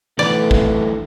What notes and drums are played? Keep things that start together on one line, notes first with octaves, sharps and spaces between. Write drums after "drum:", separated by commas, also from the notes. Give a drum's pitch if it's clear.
D3 E3 A3 B3 D5
drum: kick